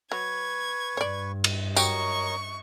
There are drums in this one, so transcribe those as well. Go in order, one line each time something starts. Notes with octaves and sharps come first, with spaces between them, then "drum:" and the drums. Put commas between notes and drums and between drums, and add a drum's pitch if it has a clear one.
F#3 B4 C#6 G#6
G2 C#5 D5
drum: cymbal
F#3 G4 A#4 C#5 D#5 C#6, drum: tambourine